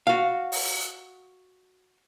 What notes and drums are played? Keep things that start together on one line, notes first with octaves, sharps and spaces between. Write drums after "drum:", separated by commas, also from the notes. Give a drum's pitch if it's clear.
F#4 F5
drum: open hi-hat